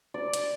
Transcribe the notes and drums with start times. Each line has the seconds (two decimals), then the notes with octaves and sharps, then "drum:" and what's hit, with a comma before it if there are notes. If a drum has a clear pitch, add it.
0.14 D5
0.34 drum: hi-hat